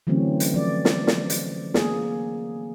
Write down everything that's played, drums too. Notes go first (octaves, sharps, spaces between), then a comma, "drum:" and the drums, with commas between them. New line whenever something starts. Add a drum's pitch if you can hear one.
D3 E3 F#3 A3 C4 C#4
drum: hi-hat
F3 D5
drum: snare
drum: snare
drum: hi-hat
A#3 G#4, drum: snare